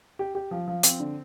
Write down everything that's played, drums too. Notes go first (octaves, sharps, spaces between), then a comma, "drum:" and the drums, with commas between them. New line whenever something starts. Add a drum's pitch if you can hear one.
G4
G4
F3
F3
C4, drum: hi-hat
D3